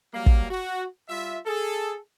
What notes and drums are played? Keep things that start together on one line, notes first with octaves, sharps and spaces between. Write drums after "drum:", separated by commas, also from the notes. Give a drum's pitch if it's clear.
F#3 G3 A#3
drum: kick
F#4
G3 F4 E5
G#4 A4